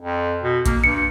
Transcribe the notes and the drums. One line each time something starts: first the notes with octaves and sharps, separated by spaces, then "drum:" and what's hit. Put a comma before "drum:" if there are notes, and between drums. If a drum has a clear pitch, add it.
F2
B2
A#3, drum: kick A#1, hi-hat
G2 C#7